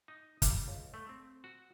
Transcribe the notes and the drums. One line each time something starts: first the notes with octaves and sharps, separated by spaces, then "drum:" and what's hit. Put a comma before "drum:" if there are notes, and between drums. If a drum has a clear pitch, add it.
D#4
G3, drum: kick, hi-hat
C#2
A3
C4
F#4